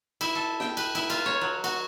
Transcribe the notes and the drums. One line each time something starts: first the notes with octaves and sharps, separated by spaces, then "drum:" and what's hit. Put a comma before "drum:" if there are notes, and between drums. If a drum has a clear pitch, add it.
E4, drum: cymbal
A4
G5, drum: snare
B4, drum: cymbal
E4, drum: cymbal
F4, drum: cymbal
C#5
F#3
F#4, drum: cymbal